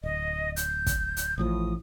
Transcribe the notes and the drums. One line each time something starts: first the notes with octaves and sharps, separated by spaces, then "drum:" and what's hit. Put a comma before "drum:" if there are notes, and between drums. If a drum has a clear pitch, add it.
D1 D#5
G6, drum: hi-hat
drum: kick, hi-hat
drum: hi-hat
A1 A2 F3 D#6